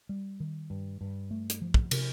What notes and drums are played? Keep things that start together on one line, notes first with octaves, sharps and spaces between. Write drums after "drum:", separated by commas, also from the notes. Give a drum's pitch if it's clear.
G3
D#3
G2
G2
A3
drum: hi-hat
F3
drum: kick
C3, drum: cymbal